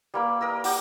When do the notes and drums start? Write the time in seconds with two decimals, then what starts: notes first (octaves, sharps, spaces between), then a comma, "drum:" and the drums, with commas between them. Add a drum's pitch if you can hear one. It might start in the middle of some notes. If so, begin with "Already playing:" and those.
0.14 G3 A#3 B5
0.41 A#4 D#5 E6
0.64 F#4 G4 G5, drum: open hi-hat